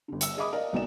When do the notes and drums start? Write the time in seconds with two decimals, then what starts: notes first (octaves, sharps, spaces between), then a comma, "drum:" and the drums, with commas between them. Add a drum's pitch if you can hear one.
0.08 G1 D3
0.21 E6 C#7, drum: hi-hat
0.37 G#4 D#5 E5 B5 D6 D#6
0.52 A#4 D5 D#5 F5
0.73 B1 F#3 A#3 A#4 D5 E7